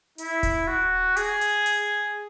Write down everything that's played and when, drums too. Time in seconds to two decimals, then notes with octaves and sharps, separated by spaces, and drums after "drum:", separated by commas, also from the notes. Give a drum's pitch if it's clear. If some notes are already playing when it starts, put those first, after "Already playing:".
0.18 E4, drum: hi-hat
0.43 drum: kick D1, hi-hat
0.67 F#4
1.17 G#4, drum: hi-hat
1.41 drum: hi-hat
1.66 drum: hi-hat